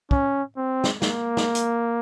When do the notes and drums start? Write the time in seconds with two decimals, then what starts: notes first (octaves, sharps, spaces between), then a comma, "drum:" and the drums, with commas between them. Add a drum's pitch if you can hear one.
0.11 C#4, drum: kick
0.57 C4
0.84 drum: snare
1.02 A#3, drum: snare
1.37 drum: snare
1.55 drum: hi-hat